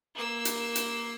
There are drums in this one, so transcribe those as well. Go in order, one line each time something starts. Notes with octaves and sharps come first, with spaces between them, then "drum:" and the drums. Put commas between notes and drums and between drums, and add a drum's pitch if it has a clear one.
A#3 E6
drum: hi-hat
drum: hi-hat